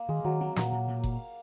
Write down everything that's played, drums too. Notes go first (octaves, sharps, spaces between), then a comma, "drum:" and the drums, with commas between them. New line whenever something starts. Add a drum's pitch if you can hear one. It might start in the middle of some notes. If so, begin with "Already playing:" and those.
Already playing: A#3
D#3 G#3
D#3 F#3
F#3 C4
A#2, drum: snare
A#2
A#2
drum: kick F#1